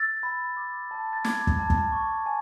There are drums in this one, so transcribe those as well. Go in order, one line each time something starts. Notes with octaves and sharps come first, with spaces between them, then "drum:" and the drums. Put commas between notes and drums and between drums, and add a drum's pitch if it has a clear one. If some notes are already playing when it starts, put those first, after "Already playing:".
Already playing: E6 A6
B5
D6
A5
A6
D6 G#6, drum: snare
drum: kick
A5
drum: kick
C#6
G#5